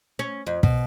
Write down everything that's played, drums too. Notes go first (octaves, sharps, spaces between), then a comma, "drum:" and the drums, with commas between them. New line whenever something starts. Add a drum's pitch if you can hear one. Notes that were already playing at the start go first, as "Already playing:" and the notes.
C#4
F2
B2, drum: kick